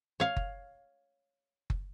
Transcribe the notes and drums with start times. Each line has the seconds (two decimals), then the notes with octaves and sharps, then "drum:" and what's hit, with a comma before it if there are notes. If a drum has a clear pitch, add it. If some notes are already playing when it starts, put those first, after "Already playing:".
0.20 C#5 F5
0.37 drum: kick F#1
1.70 drum: kick F#1